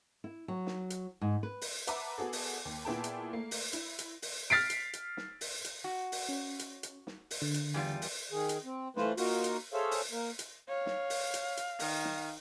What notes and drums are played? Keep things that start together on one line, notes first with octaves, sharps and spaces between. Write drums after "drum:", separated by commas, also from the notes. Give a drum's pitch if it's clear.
E4
F#3
drum: snare
drum: hi-hat
G#2
B4
drum: open hi-hat
B4 E5 F#5 A5 A#5 D6, drum: hi-hat
B3 F#4 G#4 A4
drum: open hi-hat
D#2
A#2 B3 E4 G#4 G5 A5
drum: hi-hat
A3 A#3
drum: open hi-hat
E4, drum: hi-hat
drum: hi-hat
drum: open hi-hat
F6 A6 B6 C7 D7
drum: hi-hat
drum: hi-hat
drum: snare
drum: open hi-hat
drum: hi-hat
F#4
drum: open hi-hat
C#4
drum: hi-hat
drum: hi-hat
drum: snare
drum: open hi-hat
D3
drum: hi-hat
E2 G3 F4
drum: open hi-hat
D#3 G#4
drum: hi-hat
C4
E3 A3 F4 B4 C5, drum: snare
A#3 D#4 F4 F#4 A#4, drum: open hi-hat
drum: hi-hat
G#4 A4 C5 C#5 E5 F5
drum: open hi-hat
A#3 A#4
drum: hi-hat
C#5 F5
drum: snare
drum: open hi-hat
drum: hi-hat
drum: hi-hat
D#3, drum: open hi-hat
drum: snare